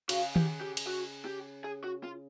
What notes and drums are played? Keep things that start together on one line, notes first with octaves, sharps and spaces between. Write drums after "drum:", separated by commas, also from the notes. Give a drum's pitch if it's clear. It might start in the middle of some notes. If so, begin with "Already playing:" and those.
C#3 F#4, drum: cymbal
G4, drum: tom D#3
G4
drum: cymbal
F#4
G4
G#4
F#4
F4